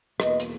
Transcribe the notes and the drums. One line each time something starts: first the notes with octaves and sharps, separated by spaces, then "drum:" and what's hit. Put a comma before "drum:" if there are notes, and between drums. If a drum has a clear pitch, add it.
E2 B2 A#3 B4 D#5, drum: rim click
drum: hi-hat